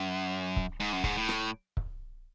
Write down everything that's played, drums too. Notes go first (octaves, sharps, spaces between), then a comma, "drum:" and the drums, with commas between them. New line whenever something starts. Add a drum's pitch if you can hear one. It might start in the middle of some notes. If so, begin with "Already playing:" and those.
Already playing: F#2
drum: kick C#1
G#2
F#2
G#2, drum: kick C#1
A2
drum: rim click
drum: kick C#1